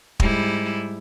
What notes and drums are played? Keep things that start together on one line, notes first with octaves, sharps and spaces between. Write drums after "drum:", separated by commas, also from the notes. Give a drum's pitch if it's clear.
G#2 G3 E4, drum: kick